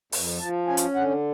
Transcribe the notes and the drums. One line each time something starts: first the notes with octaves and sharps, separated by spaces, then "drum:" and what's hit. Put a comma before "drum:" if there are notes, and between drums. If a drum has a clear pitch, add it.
F2, drum: open hi-hat
F3 A5
C#4 G#5
drum: hi-hat
D3 F#5